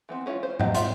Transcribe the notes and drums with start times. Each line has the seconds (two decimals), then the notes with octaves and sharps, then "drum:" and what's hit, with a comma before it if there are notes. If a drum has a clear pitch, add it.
0.09 E3 B3 C4
0.26 G#3 C#4 D4 E4 F4
0.43 C5
0.60 F#3 G4 D#5 F5, drum: tom G#2
0.75 F4 G#4 D5 E5, drum: hi-hat